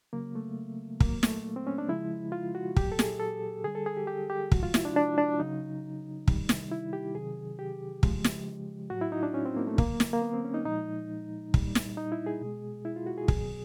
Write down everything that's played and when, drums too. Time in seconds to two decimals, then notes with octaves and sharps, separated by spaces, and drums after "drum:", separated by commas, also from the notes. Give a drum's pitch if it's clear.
0.13 C#3 F#3 A#3
0.35 A3
1.00 A#2 F#3 A#3, drum: kick
1.23 A3, drum: snare
1.56 C4
1.67 C#4
1.78 D4
1.89 C#3 F3 G#3 E4
2.32 F4
2.55 F#4
2.76 A#2 F#3 G4, drum: kick
2.92 A4
2.99 G#4, drum: snare
3.20 A4
3.64 D3 G3 G#4
3.75 A4
3.86 G#4
3.97 G4
4.07 G4
4.30 G4
4.52 C3 F3 G#3 F#4, drum: kick
4.63 F4
4.74 E4, drum: snare
4.85 D4
4.96 D4
5.18 D4
5.40 C#3 F#3 D#4
6.28 C3 D#3 G3, drum: kick
6.49 drum: snare
6.71 E4
6.93 G4
7.15 C3 D#3 F#3 G#4
7.59 G4
8.03 C#3 F3 G#3, drum: kick
8.25 drum: snare
8.90 A2 F#3 F#4
9.01 E4
9.12 D#4
9.23 D4
9.34 C#4
9.46 C4
9.56 A#3
9.67 A3
9.78 D3 F#3 A#3, drum: kick
10.00 drum: snare
10.13 A#3
10.22 B3
10.33 C4
10.44 C#4
10.54 D#4
10.65 A#2 F3 G#3 D#4
11.54 A#2 G3, drum: kick
11.75 drum: snare
11.97 D#4
12.12 E4
12.26 G#4
12.41 B2 G#3
12.85 E4
12.96 F4
13.06 F#4
13.18 G#4
13.28 B2 F#3 G#4, drum: kick